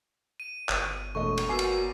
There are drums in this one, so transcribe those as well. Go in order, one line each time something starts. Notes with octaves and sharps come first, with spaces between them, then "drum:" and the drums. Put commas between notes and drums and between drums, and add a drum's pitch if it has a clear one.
D#7
G1, drum: clap
E1 A3 D#5 C#6
drum: cymbal
A#3 B3 F#4 G#5 D6 E6 C7
drum: cymbal